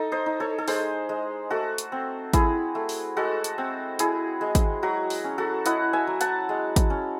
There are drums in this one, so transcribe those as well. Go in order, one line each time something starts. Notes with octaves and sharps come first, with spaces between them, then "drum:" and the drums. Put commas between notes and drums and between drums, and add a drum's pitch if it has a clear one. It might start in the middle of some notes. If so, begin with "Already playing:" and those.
Already playing: D#4 A4
C5 D#5
D#4
A4 C#5
A4
G#3 G#4 C5, drum: open hi-hat
G#3
A3 F#4 A4
drum: hi-hat
C4
E4 G#4, drum: kick, hi-hat
A3
drum: open hi-hat
G#3 F#4 A4
drum: hi-hat
C4
E4 G#4, drum: hi-hat
G#3
drum: kick, hi-hat
F#3 F#4
drum: open hi-hat
C#4
F#4 A4
E4 D#5 F#5, drum: hi-hat
E5 G#5
F#3
F#5 A5, drum: hi-hat
G#3
drum: kick, hi-hat
C#4